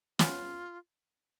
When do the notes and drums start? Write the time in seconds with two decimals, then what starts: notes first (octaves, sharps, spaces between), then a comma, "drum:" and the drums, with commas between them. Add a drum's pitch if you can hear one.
0.19 B3 C#4 F4, drum: snare